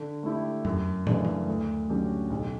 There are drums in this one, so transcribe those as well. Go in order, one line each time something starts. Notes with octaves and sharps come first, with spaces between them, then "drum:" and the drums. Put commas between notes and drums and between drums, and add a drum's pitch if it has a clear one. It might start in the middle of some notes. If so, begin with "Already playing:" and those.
Already playing: D3
A3 E4 G4
F#2, drum: tom F2
C#3 E3 A3 D4, drum: tom
drum: tom
D2
D3 F#3 C#4 G4
B1